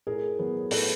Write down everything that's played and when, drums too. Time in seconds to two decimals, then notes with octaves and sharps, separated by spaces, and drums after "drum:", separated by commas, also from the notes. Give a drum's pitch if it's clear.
0.07 A2 G#4 A#4
0.39 F#3 B3
0.71 A2 A4 B4, drum: open hi-hat